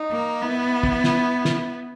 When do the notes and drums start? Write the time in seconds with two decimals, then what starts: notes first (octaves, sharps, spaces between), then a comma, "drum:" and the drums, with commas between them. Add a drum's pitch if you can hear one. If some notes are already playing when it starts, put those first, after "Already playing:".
Already playing: D#4
0.11 A#3
0.42 B3 E4
0.83 drum: kick
1.04 drum: snare
1.45 drum: snare